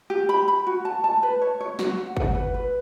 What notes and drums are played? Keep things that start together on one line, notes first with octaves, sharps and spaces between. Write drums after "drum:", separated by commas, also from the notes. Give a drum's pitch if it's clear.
G4
B5
B5
F#4
A5
A5
B4
C#5
C#5
F#4, drum: snare
F#5
F#5, drum: kick
B4
B4